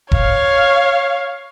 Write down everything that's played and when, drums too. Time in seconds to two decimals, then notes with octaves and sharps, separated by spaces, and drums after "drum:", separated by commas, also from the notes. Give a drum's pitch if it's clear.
0.12 C#5 F5, drum: kick E1